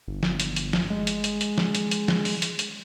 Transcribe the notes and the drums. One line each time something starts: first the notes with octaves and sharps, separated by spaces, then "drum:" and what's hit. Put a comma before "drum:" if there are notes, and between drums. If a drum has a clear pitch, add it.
G1
drum: snare
drum: hi-hat
drum: hi-hat
drum: snare
G#3
drum: hi-hat
drum: hi-hat
drum: hi-hat
drum: snare
drum: hi-hat
drum: hi-hat
drum: snare
drum: open hi-hat
drum: hi-hat
drum: hi-hat